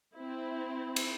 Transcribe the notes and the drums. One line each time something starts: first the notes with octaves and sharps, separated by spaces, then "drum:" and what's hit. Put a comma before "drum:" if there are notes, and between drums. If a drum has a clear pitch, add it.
C4 E4
drum: cymbal